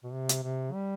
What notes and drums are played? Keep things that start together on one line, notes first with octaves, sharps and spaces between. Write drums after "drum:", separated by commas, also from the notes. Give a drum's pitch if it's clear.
B2
C3
drum: hi-hat
C3
G3